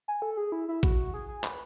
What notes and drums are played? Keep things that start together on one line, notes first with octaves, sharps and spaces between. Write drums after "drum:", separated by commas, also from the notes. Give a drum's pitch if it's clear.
G#5
A4
G#4
E4
E4
F#4, drum: kick
G#4
G#4
B4, drum: clap